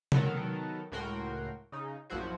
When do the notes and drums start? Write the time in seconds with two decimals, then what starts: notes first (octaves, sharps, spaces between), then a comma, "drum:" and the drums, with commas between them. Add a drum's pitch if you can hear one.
0.12 D#3 F#3 B3 A4 A#4, drum: tom C3
0.91 C#2 A2 F#4 A#4 G5 C6
1.72 C#3 D#4
2.10 A#1 F#2 F3 E4 F#4 C5